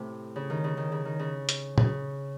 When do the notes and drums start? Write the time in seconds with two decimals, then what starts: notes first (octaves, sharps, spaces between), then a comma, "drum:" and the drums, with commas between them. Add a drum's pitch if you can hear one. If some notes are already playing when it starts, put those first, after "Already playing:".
Already playing: A2 C3
0.36 C#3
0.50 D#3
0.64 C#3
0.77 D#3
0.92 C#3
1.05 D#3
1.19 C#3
1.49 drum: hi-hat
1.78 C#3, drum: tom A#2